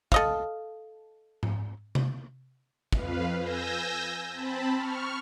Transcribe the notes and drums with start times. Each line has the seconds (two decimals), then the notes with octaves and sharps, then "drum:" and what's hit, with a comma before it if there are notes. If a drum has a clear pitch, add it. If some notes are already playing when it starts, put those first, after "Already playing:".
0.12 A4 D#5 F5, drum: kick
1.43 drum: tom G#2
1.95 drum: tom C3
2.92 F2 B4 F5, drum: kick
3.40 G#5 E6 G6 A#6
4.31 C4 A5 B5
4.74 C#6 F6